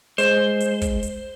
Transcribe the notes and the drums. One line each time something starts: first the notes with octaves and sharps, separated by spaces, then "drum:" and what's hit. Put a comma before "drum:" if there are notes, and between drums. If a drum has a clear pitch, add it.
G#3 C5, drum: hi-hat
drum: hi-hat
drum: kick, hi-hat
drum: hi-hat